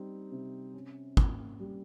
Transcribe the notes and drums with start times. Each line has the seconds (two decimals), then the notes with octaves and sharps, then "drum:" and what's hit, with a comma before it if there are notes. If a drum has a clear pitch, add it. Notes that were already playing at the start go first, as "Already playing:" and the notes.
Already playing: G3 C4 D#4
0.31 C3
0.74 C#4
1.17 A#3, drum: kick
1.60 G3